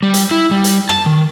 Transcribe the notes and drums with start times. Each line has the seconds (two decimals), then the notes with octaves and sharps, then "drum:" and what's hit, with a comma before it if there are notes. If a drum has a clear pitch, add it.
0.03 G3
0.14 drum: hi-hat
0.31 E4
0.51 G3
0.64 drum: hi-hat
0.89 A5, drum: rim click
1.06 D#3